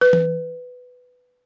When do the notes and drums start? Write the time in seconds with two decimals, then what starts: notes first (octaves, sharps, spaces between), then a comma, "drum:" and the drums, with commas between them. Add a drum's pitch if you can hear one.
0.01 B4
0.13 drum: tom E3